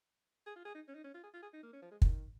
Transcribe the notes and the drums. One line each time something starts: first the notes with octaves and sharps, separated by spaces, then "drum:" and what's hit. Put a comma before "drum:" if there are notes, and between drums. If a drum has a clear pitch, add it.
G#4
F4
G#4
D#4
C#4
D#4
C#4
F4
G#4
F4
G#4
D#4
A#3
C#4
F3
G#3
D#3, drum: kick